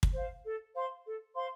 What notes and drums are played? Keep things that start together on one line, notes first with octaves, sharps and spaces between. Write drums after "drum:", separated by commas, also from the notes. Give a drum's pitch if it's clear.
drum: kick
C5 F5
A4
C5 F5 C6
A4
C5 F5 C6